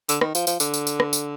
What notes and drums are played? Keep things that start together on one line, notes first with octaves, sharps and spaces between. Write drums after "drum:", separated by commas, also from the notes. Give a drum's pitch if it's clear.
D3, drum: tambourine
D#3, drum: rim click
F3, drum: tambourine
F3, drum: tambourine
D3, drum: tambourine
drum: tambourine
drum: tambourine
drum: rim click
drum: tambourine